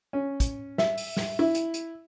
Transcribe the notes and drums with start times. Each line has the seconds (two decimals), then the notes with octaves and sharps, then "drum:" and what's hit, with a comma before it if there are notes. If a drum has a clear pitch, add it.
0.13 C#4
0.40 drum: kick, hi-hat
0.78 E5, drum: snare
0.97 drum: open hi-hat
1.17 drum: snare
1.39 E4
1.55 drum: hi-hat
1.74 drum: hi-hat